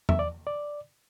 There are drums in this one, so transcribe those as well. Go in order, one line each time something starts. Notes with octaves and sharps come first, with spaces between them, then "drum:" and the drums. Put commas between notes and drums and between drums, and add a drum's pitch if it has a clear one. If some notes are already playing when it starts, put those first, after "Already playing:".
E5, drum: tom E2
D5
D5